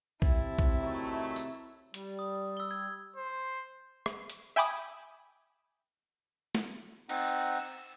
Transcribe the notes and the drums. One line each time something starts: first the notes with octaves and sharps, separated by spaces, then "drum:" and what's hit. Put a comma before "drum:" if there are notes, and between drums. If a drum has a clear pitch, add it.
C3 C4 E4 A5, drum: kick
drum: kick
D#3 F#3 A3
drum: tambourine
G3, drum: hi-hat
D#6
E6 G7
G#6
C5
drum: rim click
drum: hi-hat
E5 G5 G#5 B5 D6 D#6
drum: snare
C4 D#4 F#5, drum: cymbal
E6